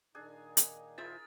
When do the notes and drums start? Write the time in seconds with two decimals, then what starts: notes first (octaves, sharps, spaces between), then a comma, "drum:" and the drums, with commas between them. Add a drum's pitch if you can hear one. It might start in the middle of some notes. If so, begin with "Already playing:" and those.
0.15 A#2 D#3 D4 D#4 G#4 G#5
0.57 drum: hi-hat
0.98 E4 F4 G#4 A#4 C5 E5 A6